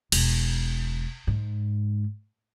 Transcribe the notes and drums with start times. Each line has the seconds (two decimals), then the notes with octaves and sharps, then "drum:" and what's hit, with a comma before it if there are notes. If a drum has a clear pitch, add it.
0.12 E1, drum: cymbal
1.27 G#2